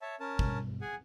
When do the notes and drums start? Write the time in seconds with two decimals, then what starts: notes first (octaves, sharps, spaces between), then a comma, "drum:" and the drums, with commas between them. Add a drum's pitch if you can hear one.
0.02 C#5 E5 A5
0.20 C#4 A#4 A5
0.39 G2 B2, drum: kick
0.81 G#4 F#5 G#5